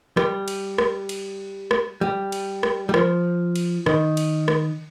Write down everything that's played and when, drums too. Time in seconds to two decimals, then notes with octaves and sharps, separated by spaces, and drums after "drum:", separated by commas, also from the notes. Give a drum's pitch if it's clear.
0.17 G3, drum: rim click
0.48 drum: cymbal
0.78 drum: rim click
1.09 drum: cymbal
1.71 drum: rim click
2.01 G3
2.32 drum: cymbal
2.63 drum: rim click
2.89 G3
2.94 F3, drum: rim click
3.56 drum: cymbal
3.86 D#3, drum: rim click
4.17 drum: cymbal
4.48 drum: rim click